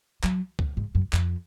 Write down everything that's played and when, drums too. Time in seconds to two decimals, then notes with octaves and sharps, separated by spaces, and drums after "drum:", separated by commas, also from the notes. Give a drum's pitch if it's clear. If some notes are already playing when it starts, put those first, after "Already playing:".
0.23 F#3, drum: clap
0.59 drum: kick C#2
0.77 G#2
0.95 F#2
1.13 F2, drum: clap